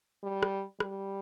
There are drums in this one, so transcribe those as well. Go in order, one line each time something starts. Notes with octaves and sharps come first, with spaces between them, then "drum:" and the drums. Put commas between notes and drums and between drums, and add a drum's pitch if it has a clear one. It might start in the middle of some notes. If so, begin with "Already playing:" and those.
G3
drum: rim click
G3, drum: rim click